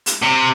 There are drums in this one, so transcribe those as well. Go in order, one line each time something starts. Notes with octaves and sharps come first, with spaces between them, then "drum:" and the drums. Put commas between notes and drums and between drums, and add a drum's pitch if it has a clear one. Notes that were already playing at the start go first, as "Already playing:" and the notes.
drum: hi-hat
C3